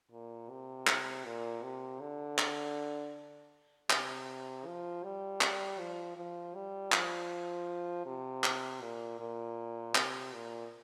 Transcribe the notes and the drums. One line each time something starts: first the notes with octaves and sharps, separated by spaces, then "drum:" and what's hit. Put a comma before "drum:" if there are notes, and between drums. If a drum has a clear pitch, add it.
A#2
C3
drum: clap
A#2
C3
D3
drum: clap
C3, drum: clap
F3
G3
drum: clap
F3
F3
G3
F3, drum: clap
C3
drum: clap
A#2
A#2
C3, drum: clap
A#2